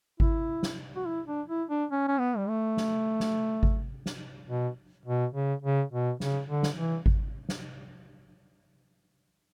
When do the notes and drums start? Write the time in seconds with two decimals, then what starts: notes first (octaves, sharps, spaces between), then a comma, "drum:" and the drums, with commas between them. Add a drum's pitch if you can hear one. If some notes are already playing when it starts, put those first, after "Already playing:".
0.20 E4, drum: kick G#1
0.63 drum: snare
0.96 F#4
1.06 E4
1.27 D4
1.48 E4
1.70 D4
1.91 C#4
2.08 C#4
2.19 B3
2.37 G3
2.49 A3
2.77 drum: snare
3.20 drum: snare
3.63 drum: kick G#1
4.06 drum: snare
4.48 B2
5.06 B2
5.34 C#3
5.63 C#3
5.92 B2
6.20 C#3, drum: snare
6.49 D3
6.63 drum: snare
6.77 E3
7.06 drum: kick G#1
7.49 drum: snare